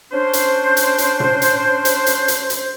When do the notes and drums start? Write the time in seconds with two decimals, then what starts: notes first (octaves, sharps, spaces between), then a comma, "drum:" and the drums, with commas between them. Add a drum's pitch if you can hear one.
0.12 C#4 D4 C5
0.33 drum: hi-hat
0.77 drum: hi-hat
0.98 drum: hi-hat
1.20 drum: tom
1.42 drum: hi-hat
1.85 drum: hi-hat
2.07 drum: hi-hat
2.28 drum: hi-hat
2.50 drum: hi-hat